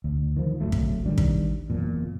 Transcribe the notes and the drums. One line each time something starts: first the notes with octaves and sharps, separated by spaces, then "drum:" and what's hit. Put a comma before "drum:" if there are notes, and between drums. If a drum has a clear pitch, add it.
D2
D#3 F3
D1 D2 F#3 A3
drum: kick
D#3 G3 D4
drum: kick
F#1 E2 A#2